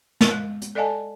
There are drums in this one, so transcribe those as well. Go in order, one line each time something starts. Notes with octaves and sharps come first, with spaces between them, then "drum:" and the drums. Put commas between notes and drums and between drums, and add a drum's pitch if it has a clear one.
drum: snare
G#3
drum: hi-hat
A4 D5 D#5 F5 G#5 A5